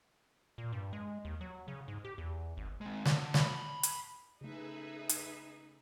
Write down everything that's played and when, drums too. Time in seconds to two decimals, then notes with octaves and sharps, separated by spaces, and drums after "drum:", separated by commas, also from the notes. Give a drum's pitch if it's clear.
0.58 A#2
0.72 G2
0.93 G#3
1.25 D#2
1.41 F#3
1.68 C#3
1.88 G#2
2.05 G4
2.18 E2
2.57 G#1
2.81 G#3 C4
3.05 D3, drum: snare
3.34 A5 B5, drum: snare
3.83 drum: hi-hat
4.41 C#3 A3 D#4 G#4 B4 E5
5.09 drum: hi-hat